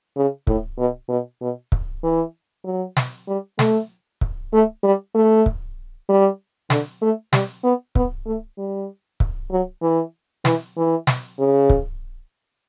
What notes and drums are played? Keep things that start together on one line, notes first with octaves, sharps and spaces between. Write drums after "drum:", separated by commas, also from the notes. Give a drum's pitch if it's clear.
C#3
A2, drum: kick C#1
B2
B2
B2
drum: kick C#1
E3
F#3
drum: snare
G3
A3, drum: snare
drum: kick C#1
A3
G3
A3
drum: kick C#1
G3
D3, drum: snare
A3
G3, drum: snare
B3
B3, drum: kick C#1
A3
G3
drum: kick C#1
F#3
E3
E3, drum: snare
E3
drum: snare
C#3
drum: kick C#1